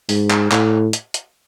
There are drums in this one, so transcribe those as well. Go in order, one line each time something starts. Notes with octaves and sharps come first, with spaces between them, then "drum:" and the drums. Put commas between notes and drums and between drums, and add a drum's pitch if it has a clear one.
G#2, drum: open hi-hat
drum: clap
A2, drum: clap
drum: hi-hat
drum: hi-hat